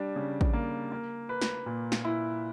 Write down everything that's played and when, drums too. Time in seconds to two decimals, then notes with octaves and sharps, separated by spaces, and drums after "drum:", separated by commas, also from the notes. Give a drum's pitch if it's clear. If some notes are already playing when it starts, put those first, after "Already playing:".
Already playing: G3 D4
0.16 C#3
0.41 drum: kick
0.53 A#3
0.92 A#3
1.29 B4
1.42 drum: snare
1.66 A#2
1.92 drum: snare
2.05 E4